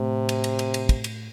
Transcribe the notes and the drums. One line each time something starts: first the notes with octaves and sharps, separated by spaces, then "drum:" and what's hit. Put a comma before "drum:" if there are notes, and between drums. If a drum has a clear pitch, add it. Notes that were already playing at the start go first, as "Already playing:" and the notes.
Already playing: A2 C3
drum: cymbal
drum: cymbal
drum: cymbal
drum: cymbal
drum: kick, cymbal
drum: cymbal